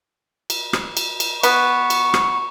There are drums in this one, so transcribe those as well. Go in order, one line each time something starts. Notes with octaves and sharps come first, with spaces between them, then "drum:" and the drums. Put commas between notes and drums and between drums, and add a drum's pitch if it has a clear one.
drum: cymbal
drum: rim click
drum: cymbal
drum: cymbal
B3 C#6, drum: cymbal
drum: cymbal
drum: rim click